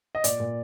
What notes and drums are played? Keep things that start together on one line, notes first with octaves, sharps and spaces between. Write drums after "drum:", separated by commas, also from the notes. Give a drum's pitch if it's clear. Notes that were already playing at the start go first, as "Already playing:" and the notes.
D#5
A#2 D5, drum: hi-hat
A#2